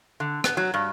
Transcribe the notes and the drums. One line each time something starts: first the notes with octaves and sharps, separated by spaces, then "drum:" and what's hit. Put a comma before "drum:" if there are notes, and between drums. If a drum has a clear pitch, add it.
D3
B3, drum: rim click
F#3
G2